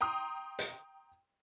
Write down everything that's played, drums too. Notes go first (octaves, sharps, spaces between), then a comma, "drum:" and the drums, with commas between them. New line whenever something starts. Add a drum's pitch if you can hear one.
G5 A#5 C6 D#6
drum: hi-hat